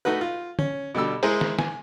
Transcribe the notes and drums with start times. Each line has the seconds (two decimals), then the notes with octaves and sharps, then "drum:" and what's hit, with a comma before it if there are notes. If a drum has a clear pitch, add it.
0.05 A3 D#4 F#4 B4
0.21 F4
0.59 C#4, drum: tom
0.95 B2 D3 G3 E6
1.23 G#3 E4 G#4 A#4 C5, drum: open hi-hat
1.41 drum: snare
1.59 G#5, drum: snare